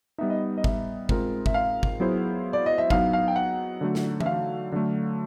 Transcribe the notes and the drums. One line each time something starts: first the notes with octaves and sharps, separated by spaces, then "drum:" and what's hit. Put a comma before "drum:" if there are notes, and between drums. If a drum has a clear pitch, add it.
G3 B3 D#4 E5
D#5
D#5
E5, drum: kick
G#3 C4 F4 A#4, drum: kick
E5, drum: kick
F5
drum: kick
F#3 B3 E4 G#4 C5
D5
D#5
E5
F#3 B3 D#4 F5, drum: kick
F5
G5
F#5
D3 F#3 A3
drum: snare
E5, drum: tom E3
F5
D3 F#3 A3